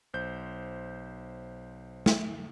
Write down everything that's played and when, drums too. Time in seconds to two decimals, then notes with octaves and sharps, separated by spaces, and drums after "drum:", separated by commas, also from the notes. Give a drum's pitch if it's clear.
0.14 B1 C5 G6
2.06 drum: snare